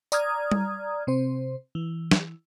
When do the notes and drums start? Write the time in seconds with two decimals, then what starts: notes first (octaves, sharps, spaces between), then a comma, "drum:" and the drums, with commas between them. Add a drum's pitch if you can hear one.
0.12 D5 A#5 D#6 F6 G#6, drum: tambourine
0.52 drum: tom G3
1.07 C3 C4 C5
1.75 E3
2.11 drum: snare